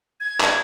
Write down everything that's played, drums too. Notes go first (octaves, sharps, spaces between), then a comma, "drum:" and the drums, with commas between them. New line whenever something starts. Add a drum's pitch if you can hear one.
G#6
drum: clap